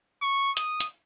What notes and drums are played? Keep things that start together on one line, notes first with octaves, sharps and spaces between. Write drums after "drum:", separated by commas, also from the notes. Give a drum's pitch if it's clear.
C#6
D#6, drum: hi-hat
drum: hi-hat